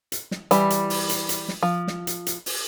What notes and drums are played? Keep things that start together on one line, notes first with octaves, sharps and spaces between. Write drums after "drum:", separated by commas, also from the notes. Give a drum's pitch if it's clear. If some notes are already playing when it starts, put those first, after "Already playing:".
drum: hi-hat
drum: snare
E3 G3, drum: hi-hat
drum: hi-hat
drum: open hi-hat
drum: hi-hat
drum: hi-hat
drum: snare
F3
drum: snare
drum: hi-hat
drum: hi-hat
drum: open hi-hat